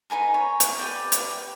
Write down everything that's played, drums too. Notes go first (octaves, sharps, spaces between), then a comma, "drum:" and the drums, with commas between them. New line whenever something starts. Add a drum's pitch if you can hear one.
D#4 B4 G#5 A#5
C#5
drum: hi-hat
G4 B4 D5 G5
drum: hi-hat